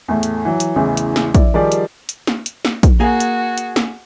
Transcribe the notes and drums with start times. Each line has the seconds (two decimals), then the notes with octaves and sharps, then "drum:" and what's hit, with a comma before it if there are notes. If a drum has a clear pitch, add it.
0.08 E2 A2 A3
0.23 drum: hi-hat
0.45 E3 F#3
0.60 drum: hi-hat
0.76 A1 E2 C#3 E3
0.97 drum: hi-hat
1.16 drum: snare
1.35 E4 D5, drum: kick A#1, hi-hat
1.54 D#3 F3 G3 G4 G#4 D5
1.72 drum: hi-hat
2.09 drum: hi-hat
2.27 drum: snare
2.46 drum: hi-hat
2.65 drum: snare
2.83 drum: kick A#1, hi-hat
3.00 A#3 F#4 G#4 G#5
3.20 drum: hi-hat
3.58 drum: hi-hat
3.76 drum: snare